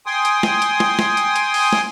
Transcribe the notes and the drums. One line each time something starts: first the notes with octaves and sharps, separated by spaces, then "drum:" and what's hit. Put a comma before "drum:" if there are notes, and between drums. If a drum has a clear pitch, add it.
G5 G#5 C6 D#6
drum: hi-hat
drum: snare
drum: hi-hat
drum: snare
drum: snare
drum: hi-hat
drum: hi-hat
drum: open hi-hat
drum: snare